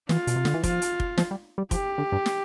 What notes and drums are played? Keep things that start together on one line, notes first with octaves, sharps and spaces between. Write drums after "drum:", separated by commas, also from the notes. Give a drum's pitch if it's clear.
E3 F4, drum: snare
B2, drum: hi-hat
C3
D3, drum: snare
E3
F3 F4, drum: kick, hi-hat
drum: hi-hat
drum: kick
F3, drum: snare
G3
G3
F3 G4, drum: kick, hi-hat
D3
G2
drum: snare